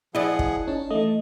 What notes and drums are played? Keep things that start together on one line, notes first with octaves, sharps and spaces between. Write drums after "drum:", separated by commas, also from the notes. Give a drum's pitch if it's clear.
F3 E4 G#4 D5 D#5 F#5
drum: kick
C#4 D#4 A5
E3 A3 D#5